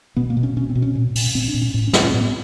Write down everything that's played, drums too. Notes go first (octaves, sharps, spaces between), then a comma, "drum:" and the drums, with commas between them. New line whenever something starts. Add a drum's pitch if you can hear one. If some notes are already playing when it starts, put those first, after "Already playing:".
B2 B3
A#3
B2
C#4
B2 C#4
C4
B2
C#4
A#2
A#2, drum: open hi-hat
A#2 C4
D4
A#2
C#4
A2 C#4
C#4
A2, drum: snare
C#4
A2 C4
B3